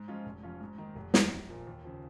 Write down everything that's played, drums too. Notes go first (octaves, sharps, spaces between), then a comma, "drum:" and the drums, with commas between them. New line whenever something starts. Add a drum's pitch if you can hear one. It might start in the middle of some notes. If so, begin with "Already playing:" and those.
Already playing: G#2
F3 G#3 C#4 F4
F1
F2 F3 C#4 F4
G#2
D#3 A#3 D#4
F1
D#2 D#3, drum: snare
A#1
A#2 F3
D#2
C#3 F3